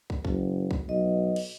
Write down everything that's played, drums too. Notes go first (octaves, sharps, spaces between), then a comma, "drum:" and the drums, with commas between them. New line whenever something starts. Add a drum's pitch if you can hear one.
drum: kick
F#1, drum: kick
drum: kick
B1 D#5
drum: cymbal